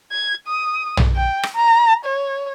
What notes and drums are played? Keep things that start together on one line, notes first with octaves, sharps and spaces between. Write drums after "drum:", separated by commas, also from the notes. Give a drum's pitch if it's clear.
G#6
D#6
drum: tom
G5
drum: rim click
A#5
C#5